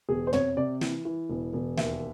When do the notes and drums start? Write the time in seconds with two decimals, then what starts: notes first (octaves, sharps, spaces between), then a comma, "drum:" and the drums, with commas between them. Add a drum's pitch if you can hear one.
0.09 E1 G#4
0.27 C5
0.33 C3 C#5, drum: tom
0.57 C3 D5
0.81 E3, drum: snare
1.05 E3
1.29 E1
1.53 E1
1.77 D#2 E5, drum: snare